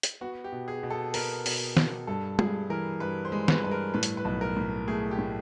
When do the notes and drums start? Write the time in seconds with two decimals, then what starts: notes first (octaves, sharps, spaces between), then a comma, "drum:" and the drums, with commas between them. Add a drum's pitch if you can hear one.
0.03 drum: hi-hat
0.21 B3 F#4
0.44 G4
0.52 B2
0.68 G#4
0.83 B2
0.90 A4
1.14 B3 A#4, drum: open hi-hat
1.46 B2, drum: open hi-hat
1.77 B2, drum: snare
2.07 G2 A4
2.39 G2 G#4, drum: tom G#3
2.70 E3 A#4
3.00 G2 B4
3.25 C5
3.32 G#3
3.48 B4, drum: snare
3.63 G2 B4
3.71 A#4
3.94 A2 B4
4.03 drum: hi-hat
4.17 B4
4.25 B1
4.41 A#4
4.56 A2
4.88 A3 G#4
5.11 G4
5.19 A2